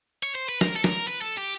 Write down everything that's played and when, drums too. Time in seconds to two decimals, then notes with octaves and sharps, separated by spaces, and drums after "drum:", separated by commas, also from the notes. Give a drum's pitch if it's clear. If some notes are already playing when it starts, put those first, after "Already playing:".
0.23 C#5
0.35 C5
0.49 B4
0.61 A#4, drum: snare
0.76 A4
0.84 A#4, drum: snare
1.07 B4
1.21 A4
1.37 G4